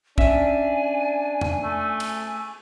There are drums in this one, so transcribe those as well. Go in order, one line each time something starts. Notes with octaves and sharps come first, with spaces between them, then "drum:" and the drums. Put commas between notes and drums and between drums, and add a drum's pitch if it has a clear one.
C#4 D4 E5 G#5, drum: kick
drum: tom E2
A3
drum: cymbal